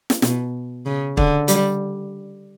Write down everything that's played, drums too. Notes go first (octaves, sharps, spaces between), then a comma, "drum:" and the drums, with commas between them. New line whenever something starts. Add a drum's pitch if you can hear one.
drum: snare
B2, drum: snare
C#3
D3, drum: kick
G3, drum: hi-hat